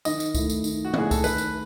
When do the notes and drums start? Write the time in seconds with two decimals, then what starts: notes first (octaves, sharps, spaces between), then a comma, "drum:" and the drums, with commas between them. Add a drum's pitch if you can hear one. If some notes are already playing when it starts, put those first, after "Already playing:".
0.05 D#3 D#5, drum: tambourine
0.20 drum: tambourine
0.34 A3 E4, drum: kick C#2, tambourine
0.50 drum: tambourine
0.64 D#3, drum: tambourine
0.85 F#4
0.93 A3 E4 G#4, drum: tom
1.11 A4, drum: kick C#2, tambourine
1.24 D#3 B4, drum: tambourine
1.38 drum: tambourine